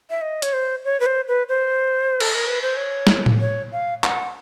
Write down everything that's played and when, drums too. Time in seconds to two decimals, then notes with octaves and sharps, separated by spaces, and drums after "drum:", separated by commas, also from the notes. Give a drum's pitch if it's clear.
0.10 E5
0.22 D#5
0.42 C#5, drum: hi-hat
0.53 C5
0.85 C#5
1.00 B4
1.06 C5
1.28 B4
1.49 C5
2.20 A4, drum: cymbal
2.35 A#4
2.48 B4
2.62 C5
2.77 C#5
3.07 drum: snare
3.26 drum: tom A2
3.40 C#5
3.72 F5
4.04 F#5, drum: clap